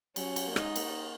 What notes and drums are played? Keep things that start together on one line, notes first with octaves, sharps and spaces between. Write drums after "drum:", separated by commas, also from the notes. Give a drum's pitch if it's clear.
F#3 C#4, drum: cymbal
drum: cymbal
A#3
G#3 D#4, drum: rim click
A#3, drum: cymbal